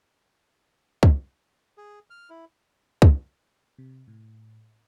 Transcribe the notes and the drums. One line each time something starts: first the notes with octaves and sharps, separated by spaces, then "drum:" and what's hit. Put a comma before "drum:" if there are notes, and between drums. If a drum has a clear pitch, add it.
drum: kick
G#4
F6
E4
drum: kick
C3
A2